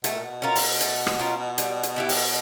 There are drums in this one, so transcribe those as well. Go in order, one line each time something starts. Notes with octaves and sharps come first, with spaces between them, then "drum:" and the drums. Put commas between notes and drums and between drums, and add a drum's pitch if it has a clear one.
B2 A3, drum: hi-hat
A#2
B2
C#4 F4 A#4
drum: open hi-hat
A3, drum: hi-hat
drum: rim click
C#4 F4 A#4
G3, drum: hi-hat
drum: hi-hat
B3 E4 G4
drum: open hi-hat